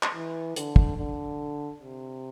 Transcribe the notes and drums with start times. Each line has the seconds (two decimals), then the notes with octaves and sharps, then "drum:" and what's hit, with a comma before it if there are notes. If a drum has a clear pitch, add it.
0.03 drum: clap
0.14 E3
0.56 D3, drum: hi-hat
0.76 drum: kick
0.98 D3
1.81 C3